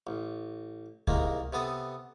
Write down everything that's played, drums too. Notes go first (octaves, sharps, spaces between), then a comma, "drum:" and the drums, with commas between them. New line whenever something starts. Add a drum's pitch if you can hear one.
A1
C2 D#3 G#3 A#3, drum: kick C#2
C3 B3 A4 D#6